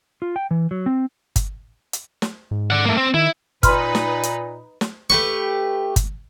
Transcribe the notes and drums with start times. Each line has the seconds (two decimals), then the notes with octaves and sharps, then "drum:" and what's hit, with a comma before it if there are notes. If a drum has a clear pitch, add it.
0.22 F4
0.36 G5
0.51 E3
0.71 F#3
0.86 C4
1.36 drum: kick, hi-hat
1.93 drum: hi-hat
2.22 drum: snare
2.51 G#2
2.70 D5 F#5
2.86 A3 A#3
2.97 C4
3.14 D#3 E4
3.63 A#2 D#4 B4 B5 C6 F6, drum: kick, hi-hat
3.95 drum: snare
4.23 drum: hi-hat
4.81 drum: snare
5.10 A3 G4 B4 C#6
5.96 drum: kick, hi-hat